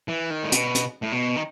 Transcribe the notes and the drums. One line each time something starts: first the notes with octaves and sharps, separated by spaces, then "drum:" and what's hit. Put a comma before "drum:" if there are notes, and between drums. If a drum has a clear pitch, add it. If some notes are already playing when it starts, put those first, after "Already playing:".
E3
D#3
A2
B2, drum: hi-hat
drum: hi-hat
A2
B2
D#3